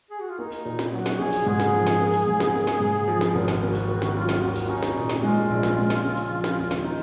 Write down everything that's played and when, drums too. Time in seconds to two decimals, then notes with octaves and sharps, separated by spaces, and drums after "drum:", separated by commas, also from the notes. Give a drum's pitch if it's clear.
0.10 G#4
0.20 F#4
0.29 F4
0.38 A#3 D#4
0.52 drum: open hi-hat
0.65 A#2
0.79 drum: snare
0.93 F#3 F#4
1.06 drum: snare
1.19 A#1 G#4
1.33 drum: open hi-hat
1.46 G#2 G#4
1.60 drum: snare
1.73 F3
1.87 drum: snare
2.00 A#3
2.13 drum: open hi-hat
2.27 G#2
2.40 drum: snare
2.54 A#3
2.67 drum: snare
2.80 G#2
3.08 F3
3.21 drum: snare
3.35 G#1
3.48 drum: snare
3.62 A#3 F#4
3.75 drum: open hi-hat
3.88 D#3
4.02 drum: snare
4.15 F#3 F4
4.29 drum: snare
4.42 D#2 F#4
4.56 drum: open hi-hat
4.69 C#4 D#4
4.83 drum: snare
4.96 A#2
5.09 drum: snare
5.22 G#3 F4
5.50 A#1
5.63 drum: snare
5.76 G#3
5.90 drum: snare
6.04 C#3
6.17 drum: open hi-hat
6.30 F3
6.44 drum: snare
6.58 D#2
6.71 drum: snare
6.84 D#4